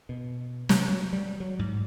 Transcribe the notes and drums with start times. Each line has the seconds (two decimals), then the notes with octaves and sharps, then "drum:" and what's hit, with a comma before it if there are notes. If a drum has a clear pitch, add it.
0.09 B2
0.69 C3, drum: snare
0.88 F#3
1.13 G3
1.40 F#3
1.59 G#2